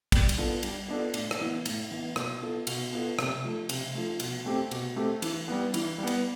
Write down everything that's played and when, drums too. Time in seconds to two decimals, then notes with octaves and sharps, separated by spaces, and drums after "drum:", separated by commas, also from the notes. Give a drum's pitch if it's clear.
0.12 G3, drum: kick, cymbal
0.29 drum: cymbal
0.38 B3 D4 F4 A4
0.63 G3, drum: cymbal
0.88 B3 D4 F4 A4
1.14 A2, drum: cymbal
1.31 drum: rim click
1.40 E3 B3 E4
1.65 A2, drum: cymbal
1.91 E3 B3 E4
2.16 B2, drum: rim click
2.42 B3 F4 A4
2.67 B2, drum: cymbal
2.92 B3 F4 A4
3.19 C3, drum: rim click
3.44 F3 A3
3.69 C3, drum: cymbal
3.95 F3 A3
4.20 B2, drum: cymbal
4.45 A3 C4 G4
4.71 B2, drum: cymbal
4.96 A3 C4 G4
5.22 E3, drum: cymbal
5.48 G3 B3
5.74 E3, drum: cymbal
5.98 G3 B3
6.07 drum: cymbal